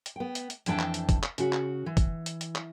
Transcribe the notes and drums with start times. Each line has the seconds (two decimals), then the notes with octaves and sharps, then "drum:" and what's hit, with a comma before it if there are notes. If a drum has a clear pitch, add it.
0.06 drum: hi-hat
0.16 B3 G5
0.35 drum: hi-hat
0.50 drum: hi-hat
0.66 F2 E3 D4 G5 A5, drum: hi-hat
0.79 drum: clap
0.94 drum: hi-hat
1.09 drum: kick, hi-hat
1.23 drum: clap
1.38 C#3 F#4, drum: hi-hat
1.53 drum: clap
1.86 E3
1.97 drum: kick, hi-hat
2.26 drum: hi-hat
2.41 drum: hi-hat
2.56 drum: clap